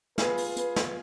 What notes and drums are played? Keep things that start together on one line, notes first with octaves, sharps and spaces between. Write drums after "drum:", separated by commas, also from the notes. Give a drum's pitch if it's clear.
F4 G#4 B4, drum: snare
drum: open hi-hat
B4, drum: hi-hat
drum: snare